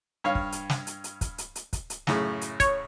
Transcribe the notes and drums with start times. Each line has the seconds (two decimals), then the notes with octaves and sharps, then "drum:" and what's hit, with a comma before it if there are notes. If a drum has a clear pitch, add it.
0.24 G2 C#5 F5
0.35 drum: kick
0.52 drum: hi-hat
0.70 drum: snare
0.87 drum: hi-hat
1.04 drum: hi-hat
1.21 drum: kick, hi-hat
1.38 drum: hi-hat
1.55 drum: hi-hat
1.73 drum: kick, hi-hat
1.90 drum: hi-hat
2.07 F#2 A2 C#3, drum: snare
2.41 drum: hi-hat
2.60 C#5, drum: kick, hi-hat